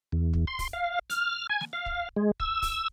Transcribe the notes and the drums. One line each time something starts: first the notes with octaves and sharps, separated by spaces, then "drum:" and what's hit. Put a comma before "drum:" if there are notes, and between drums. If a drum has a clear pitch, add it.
E2
drum: kick
C6
drum: kick, open hi-hat
F5
F6, drum: hi-hat
G#5
drum: snare
F5
drum: kick
G#3
E6, drum: kick
drum: kick, open hi-hat